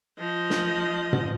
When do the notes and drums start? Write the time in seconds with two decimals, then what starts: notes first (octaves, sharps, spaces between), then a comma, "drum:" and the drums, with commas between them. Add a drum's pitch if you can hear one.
0.19 F3 D#5
0.50 drum: snare
1.13 drum: tom